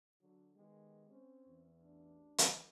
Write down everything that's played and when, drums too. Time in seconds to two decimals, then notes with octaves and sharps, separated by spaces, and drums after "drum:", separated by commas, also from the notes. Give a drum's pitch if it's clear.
0.21 D3 F#3
0.56 D#3 G#3 B3 G4
1.08 C4 C#4
1.47 E2
1.81 A1 D4
2.38 E3, drum: hi-hat